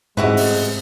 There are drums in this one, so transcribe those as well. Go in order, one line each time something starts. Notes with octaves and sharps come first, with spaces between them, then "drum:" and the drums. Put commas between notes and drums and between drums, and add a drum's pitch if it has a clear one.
A1 G#2 C3 G#3 E4 F#4 B4
drum: open hi-hat